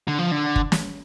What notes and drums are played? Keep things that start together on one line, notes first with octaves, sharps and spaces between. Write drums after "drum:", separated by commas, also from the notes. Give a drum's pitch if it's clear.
D3
F3
D3
drum: kick
drum: snare